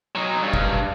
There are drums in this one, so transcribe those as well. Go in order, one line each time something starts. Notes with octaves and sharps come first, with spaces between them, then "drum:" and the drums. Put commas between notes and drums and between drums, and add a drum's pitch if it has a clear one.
F#3 D#4
G2
drum: kick